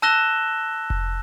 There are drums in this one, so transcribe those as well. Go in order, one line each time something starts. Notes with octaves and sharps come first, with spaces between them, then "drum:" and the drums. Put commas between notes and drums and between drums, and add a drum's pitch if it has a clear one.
A5 E6 F#6 A#6 E7 G7
drum: kick F1